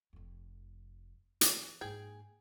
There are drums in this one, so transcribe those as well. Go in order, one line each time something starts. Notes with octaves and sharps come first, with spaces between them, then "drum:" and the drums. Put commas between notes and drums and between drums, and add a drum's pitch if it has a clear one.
F1 F2
E3, drum: hi-hat
G#2 A#3 G#4 G5